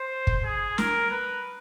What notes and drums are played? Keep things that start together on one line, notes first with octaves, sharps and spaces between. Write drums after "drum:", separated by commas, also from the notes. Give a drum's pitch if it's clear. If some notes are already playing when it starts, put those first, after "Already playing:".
Already playing: C5
drum: kick
G#4
A#4, drum: snare
B4